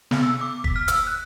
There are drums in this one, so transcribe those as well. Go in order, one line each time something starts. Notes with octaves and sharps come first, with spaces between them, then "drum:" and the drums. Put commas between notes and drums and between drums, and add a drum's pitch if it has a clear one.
B3, drum: snare
E6
D6
B6, drum: kick
F6
E6, drum: hi-hat
F#6